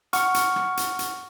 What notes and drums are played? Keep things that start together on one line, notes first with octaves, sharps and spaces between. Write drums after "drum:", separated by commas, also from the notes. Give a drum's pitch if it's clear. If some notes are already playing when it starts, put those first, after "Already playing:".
F#5 C#6 F6, drum: hi-hat
drum: hi-hat
drum: rim click
drum: hi-hat
drum: hi-hat